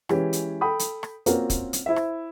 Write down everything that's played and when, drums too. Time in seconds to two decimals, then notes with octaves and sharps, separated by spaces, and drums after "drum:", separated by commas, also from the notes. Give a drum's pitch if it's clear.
0.09 E3 G#3 C#4 G4, drum: rim click
0.33 drum: hi-hat
0.61 A4 G5 B5 D#6
0.79 drum: hi-hat
1.03 drum: rim click
1.26 A#3 C4 C#4 F4 F#4 A#4, drum: hi-hat
1.50 drum: kick, hi-hat
1.73 drum: hi-hat
1.86 E4 C5 E5
1.96 drum: rim click